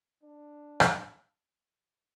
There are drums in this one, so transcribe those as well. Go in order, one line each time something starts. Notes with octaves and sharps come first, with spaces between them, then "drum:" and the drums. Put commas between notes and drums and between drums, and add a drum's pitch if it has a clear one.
D4
drum: rim click